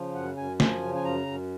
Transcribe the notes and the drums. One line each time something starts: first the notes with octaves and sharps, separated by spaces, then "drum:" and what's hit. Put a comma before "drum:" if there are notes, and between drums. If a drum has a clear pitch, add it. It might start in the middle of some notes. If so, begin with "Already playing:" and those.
Already playing: C#3 F3
F#2 F#5
F#2 G#5
F3 G#5, drum: snare
C#3
G#5
F#2 A#5
F#2